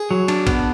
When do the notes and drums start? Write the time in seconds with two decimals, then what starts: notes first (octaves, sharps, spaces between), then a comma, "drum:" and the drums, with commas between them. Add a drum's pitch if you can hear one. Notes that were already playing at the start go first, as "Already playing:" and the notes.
Already playing: G#4
0.11 F#3
0.28 D4, drum: cymbal
0.47 B3, drum: kick, cymbal